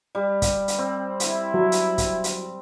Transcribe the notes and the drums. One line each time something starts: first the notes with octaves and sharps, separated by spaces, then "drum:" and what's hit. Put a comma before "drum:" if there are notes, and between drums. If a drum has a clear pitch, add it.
G3
drum: kick, hi-hat
drum: hi-hat
C4
E4, drum: hi-hat
F#3
drum: hi-hat
drum: kick, hi-hat
drum: hi-hat